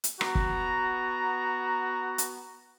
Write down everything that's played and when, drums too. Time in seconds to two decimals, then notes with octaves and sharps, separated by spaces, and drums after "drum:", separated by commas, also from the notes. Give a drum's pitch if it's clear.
0.04 drum: hi-hat
0.21 B3 F#4 A#5, drum: rim click
0.35 drum: kick
2.18 drum: hi-hat